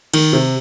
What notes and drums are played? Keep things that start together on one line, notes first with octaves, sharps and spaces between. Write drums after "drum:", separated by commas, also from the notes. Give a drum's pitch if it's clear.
D#3, drum: cymbal
C3